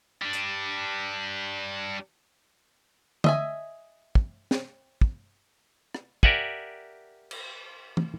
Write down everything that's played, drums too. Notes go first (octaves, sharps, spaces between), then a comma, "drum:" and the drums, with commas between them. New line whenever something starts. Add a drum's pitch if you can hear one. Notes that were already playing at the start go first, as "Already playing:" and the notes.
G3 D4
drum: hi-hat
D#5 E5 G#5, drum: tom D3
drum: kick
drum: snare
drum: kick
drum: rim click
G4 A#4 D5 E5 F#5 G#5, drum: kick
drum: cymbal
drum: tom